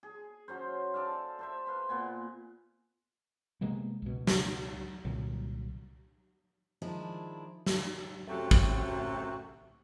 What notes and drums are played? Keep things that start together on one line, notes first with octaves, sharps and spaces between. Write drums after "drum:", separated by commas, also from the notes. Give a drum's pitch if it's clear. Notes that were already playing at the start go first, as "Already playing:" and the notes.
G#4
F#3 C#4 C5
A4 D5 E5 F5
A4 C5 E5
B4 F5 C6
A#2 B3 G#5
C3 G#3 A#3 B3
C#2 B2
drum: snare
C2 A#2 D3 F#3
D#3 F3 G#3 D4 E4
drum: snare
F#2 C3 A3 F#4 G4 A4
drum: kick